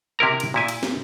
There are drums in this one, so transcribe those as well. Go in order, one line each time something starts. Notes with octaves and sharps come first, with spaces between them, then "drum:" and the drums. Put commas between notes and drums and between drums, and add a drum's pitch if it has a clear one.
C3 E4 A#4 A#5
drum: cymbal
A#2 E4 G#5
drum: cymbal
drum: snare